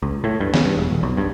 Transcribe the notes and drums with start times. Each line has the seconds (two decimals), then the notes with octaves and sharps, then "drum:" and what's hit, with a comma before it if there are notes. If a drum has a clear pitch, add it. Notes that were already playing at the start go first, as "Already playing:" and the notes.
0.02 C#2
0.24 A2
0.40 G2
0.54 C#3, drum: snare
0.66 G2
0.77 E1
0.90 D#1
1.03 B1
1.17 G2